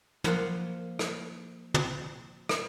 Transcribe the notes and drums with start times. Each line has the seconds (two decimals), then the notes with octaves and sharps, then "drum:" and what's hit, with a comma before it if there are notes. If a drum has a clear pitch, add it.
0.24 F3 A#3 F#5 C6, drum: tom
0.99 drum: rim click
1.74 drum: tom
2.49 drum: rim click